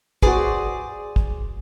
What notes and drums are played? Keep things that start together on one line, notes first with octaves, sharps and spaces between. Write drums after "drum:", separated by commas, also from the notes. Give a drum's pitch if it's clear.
F#4 G#4 B4 C5 D5, drum: kick
drum: kick